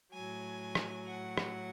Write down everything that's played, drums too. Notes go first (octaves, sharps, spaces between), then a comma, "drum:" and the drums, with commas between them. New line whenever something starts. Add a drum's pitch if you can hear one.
A2 F#3 G#5
drum: rim click
F#5
drum: rim click